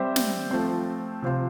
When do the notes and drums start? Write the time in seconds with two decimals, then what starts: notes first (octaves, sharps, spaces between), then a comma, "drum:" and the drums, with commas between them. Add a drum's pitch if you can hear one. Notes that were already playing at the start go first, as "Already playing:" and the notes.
Already playing: G3 C4 G4 C5 E5
0.16 drum: snare
0.51 F3 A3 C4
1.22 C3 F3 C4 F4 C5